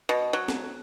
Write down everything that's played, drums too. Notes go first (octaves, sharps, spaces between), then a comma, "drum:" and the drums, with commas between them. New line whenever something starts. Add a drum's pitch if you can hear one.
B2
F#3
drum: snare